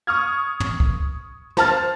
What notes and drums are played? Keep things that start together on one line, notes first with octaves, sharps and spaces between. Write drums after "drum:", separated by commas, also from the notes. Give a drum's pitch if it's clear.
C#6 D#6 F6 G#6
drum: tom
drum: kick C#2
C5 A5 F6 A6, drum: snare